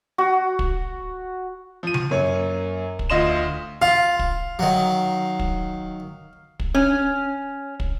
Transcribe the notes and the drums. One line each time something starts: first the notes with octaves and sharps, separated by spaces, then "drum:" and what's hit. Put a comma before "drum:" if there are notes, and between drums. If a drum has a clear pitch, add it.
F#4
drum: kick
F3 D#7
drum: tom C#3
F#2 A#3 C#5
drum: kick
D2 F4 D#5 C6 E7
F4 F5
drum: kick
D#3 F#3
drum: kick
drum: kick
C#4
drum: kick